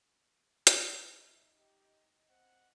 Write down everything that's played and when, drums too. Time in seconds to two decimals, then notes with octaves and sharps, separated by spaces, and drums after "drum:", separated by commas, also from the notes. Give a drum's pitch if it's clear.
0.67 drum: hi-hat
1.00 D#4 E5
1.58 G4 D#5
2.30 C4 F#5